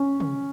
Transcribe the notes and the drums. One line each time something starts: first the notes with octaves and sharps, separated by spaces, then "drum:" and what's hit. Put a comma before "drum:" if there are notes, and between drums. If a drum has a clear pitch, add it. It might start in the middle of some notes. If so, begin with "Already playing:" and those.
Already playing: C#4
drum: tom